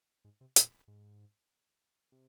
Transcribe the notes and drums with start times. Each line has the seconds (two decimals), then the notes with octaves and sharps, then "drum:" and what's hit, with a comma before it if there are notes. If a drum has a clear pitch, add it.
0.24 G#2
0.41 C3
0.56 A#2, drum: hi-hat
0.88 G#2
2.12 C3